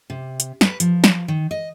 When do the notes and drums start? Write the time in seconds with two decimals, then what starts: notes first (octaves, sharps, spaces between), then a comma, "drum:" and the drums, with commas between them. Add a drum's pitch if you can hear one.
0.10 C3
0.40 drum: hi-hat
0.61 B4, drum: snare
0.80 F3, drum: hi-hat
1.04 drum: snare
1.28 D#3
1.51 D#5